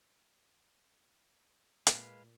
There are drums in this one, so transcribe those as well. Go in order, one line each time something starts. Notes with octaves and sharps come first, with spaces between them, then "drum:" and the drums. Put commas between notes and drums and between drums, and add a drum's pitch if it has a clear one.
A#2 G#3 B4 F5, drum: hi-hat